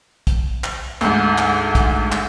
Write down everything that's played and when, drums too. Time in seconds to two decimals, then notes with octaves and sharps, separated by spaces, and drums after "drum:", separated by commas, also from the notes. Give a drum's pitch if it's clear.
0.27 drum: kick, hi-hat
0.64 drum: clap
1.01 D2 G#2, drum: hi-hat
1.38 drum: clap
1.75 drum: kick, hi-hat
2.12 drum: clap